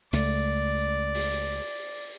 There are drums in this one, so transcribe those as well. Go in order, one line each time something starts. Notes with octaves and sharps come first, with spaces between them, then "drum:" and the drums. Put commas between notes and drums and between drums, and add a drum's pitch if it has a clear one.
C#2 A3 D5, drum: hi-hat
drum: open hi-hat